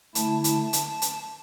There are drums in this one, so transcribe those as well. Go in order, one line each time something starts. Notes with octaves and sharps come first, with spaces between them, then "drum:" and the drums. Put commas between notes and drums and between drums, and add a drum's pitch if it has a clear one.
D3 A3 E4 A5, drum: hi-hat
drum: hi-hat
drum: hi-hat
drum: hi-hat